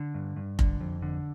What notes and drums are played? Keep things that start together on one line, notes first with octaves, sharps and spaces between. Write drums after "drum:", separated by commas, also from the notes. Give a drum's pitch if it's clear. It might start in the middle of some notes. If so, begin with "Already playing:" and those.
Already playing: D3
G2
G2
D3, drum: kick F1
F2
D3